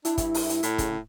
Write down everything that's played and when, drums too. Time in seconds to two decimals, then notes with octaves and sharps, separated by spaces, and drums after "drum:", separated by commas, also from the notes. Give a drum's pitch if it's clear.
0.05 D4 E4, drum: hi-hat
0.18 G2, drum: kick, hi-hat
0.34 drum: open hi-hat
0.49 drum: hi-hat
0.63 A2, drum: hi-hat
0.78 C#3, drum: kick, hi-hat